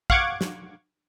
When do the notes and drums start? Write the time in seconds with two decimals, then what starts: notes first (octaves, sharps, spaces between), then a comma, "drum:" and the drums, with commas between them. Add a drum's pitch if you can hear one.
0.10 F5 F#5 C#6 D6 G#6, drum: kick
0.41 drum: snare